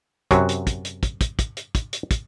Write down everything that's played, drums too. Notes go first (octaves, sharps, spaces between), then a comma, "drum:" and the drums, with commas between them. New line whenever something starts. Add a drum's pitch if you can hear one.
F#2 C3 F#3 F#4, drum: kick, hi-hat
drum: hi-hat
drum: kick, hi-hat
drum: hi-hat
drum: kick, hi-hat
drum: kick, hi-hat
drum: kick, hi-hat
drum: hi-hat
drum: kick, hi-hat
drum: hi-hat
drum: kick, hi-hat